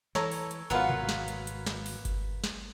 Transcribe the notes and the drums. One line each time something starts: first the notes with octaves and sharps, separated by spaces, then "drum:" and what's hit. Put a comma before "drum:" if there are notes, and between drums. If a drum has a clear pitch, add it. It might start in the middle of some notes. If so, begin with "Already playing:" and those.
E3 A4 C#5 A#5, drum: snare
drum: open hi-hat
drum: hi-hat
G#1 F#3 B3 F4 A#4 B4 F#5
drum: tom B2
drum: snare
drum: hi-hat
drum: hi-hat
drum: snare
drum: open hi-hat
drum: kick G1, hi-hat
drum: snare